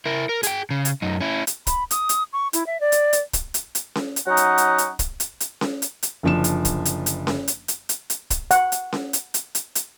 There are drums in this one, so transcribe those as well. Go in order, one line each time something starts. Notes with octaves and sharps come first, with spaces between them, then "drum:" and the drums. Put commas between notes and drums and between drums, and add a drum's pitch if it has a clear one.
E4 A#4
A#4
G#4 G5, drum: hi-hat
C#3
drum: hi-hat
F#2 D#4
C#4 E4
drum: hi-hat
B5, drum: kick, hi-hat
D#6, drum: hi-hat
drum: hi-hat
C#6
E4, drum: hi-hat
E5
D5
drum: hi-hat
drum: hi-hat
drum: kick, hi-hat
drum: hi-hat
drum: hi-hat
drum: snare C#4
drum: hi-hat
F#3 C#4 D#4 F#5
drum: hi-hat
drum: hi-hat
drum: hi-hat
drum: kick, hi-hat
drum: hi-hat
drum: hi-hat
drum: snare C#4
drum: hi-hat
drum: hi-hat
F#1 D3 F3 D4 E7
drum: hi-hat
drum: kick, hi-hat
drum: hi-hat
drum: hi-hat
drum: snare C#4
drum: hi-hat
drum: hi-hat
drum: hi-hat
drum: hi-hat
drum: kick, hi-hat
F#5, drum: hi-hat
drum: hi-hat
drum: snare C#4
drum: hi-hat
drum: hi-hat
drum: hi-hat
drum: hi-hat